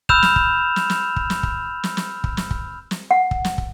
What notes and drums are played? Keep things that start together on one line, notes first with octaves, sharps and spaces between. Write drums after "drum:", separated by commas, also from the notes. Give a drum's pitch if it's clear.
B5 E6 F6 G6 E7 F7, drum: kick
drum: snare
drum: kick
drum: snare
drum: snare
drum: kick
drum: snare
drum: kick
drum: snare
drum: snare
drum: kick
drum: snare
drum: kick
drum: snare
F#5
drum: kick
drum: snare
drum: kick